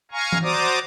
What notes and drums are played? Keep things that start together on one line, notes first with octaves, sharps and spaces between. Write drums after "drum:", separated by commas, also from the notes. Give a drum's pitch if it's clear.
F5 G#5 A#5 C#6
drum: tom E3
F#4 C5 D5 A#5 D6 D#6